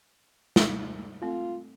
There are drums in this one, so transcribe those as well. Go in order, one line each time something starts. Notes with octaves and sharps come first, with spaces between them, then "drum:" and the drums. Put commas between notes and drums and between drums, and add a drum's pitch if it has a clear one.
G#3 D#4 E4, drum: snare
A3 C4 F4 A4